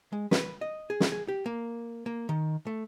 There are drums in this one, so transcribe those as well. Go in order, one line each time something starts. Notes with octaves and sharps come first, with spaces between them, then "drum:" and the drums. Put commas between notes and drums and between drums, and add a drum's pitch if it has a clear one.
G#3
B4, drum: snare
D#5
G#4
drum: snare
G#4
G4
A#3
A#3
D#3
A3